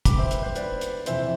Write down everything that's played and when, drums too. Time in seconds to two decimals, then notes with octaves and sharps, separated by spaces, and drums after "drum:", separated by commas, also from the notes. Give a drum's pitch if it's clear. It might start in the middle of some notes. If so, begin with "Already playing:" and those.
0.05 D3 G3 B3 B5 D6, drum: kick, hi-hat
0.18 C5 E5
0.31 B4, drum: hi-hat
0.43 C5
0.56 B4 D5, drum: hi-hat
0.81 drum: hi-hat
1.06 F2 C3 E3 C5 E5, drum: hi-hat